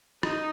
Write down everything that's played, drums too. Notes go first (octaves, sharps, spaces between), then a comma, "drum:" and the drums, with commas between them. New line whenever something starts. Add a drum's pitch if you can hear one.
D#4, drum: rim click